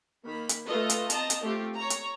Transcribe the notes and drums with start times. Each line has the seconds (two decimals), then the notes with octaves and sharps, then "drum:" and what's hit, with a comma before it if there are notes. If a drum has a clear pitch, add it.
0.24 D#3 A#3 B5
0.49 drum: hi-hat
0.65 A3 F4 A4 B4 D#5
0.90 drum: hi-hat
1.10 C4 D#5 A5 A#5, drum: hi-hat
1.30 drum: hi-hat
1.43 A3 C4 F4 G4
1.76 C#5 A#5
1.90 drum: hi-hat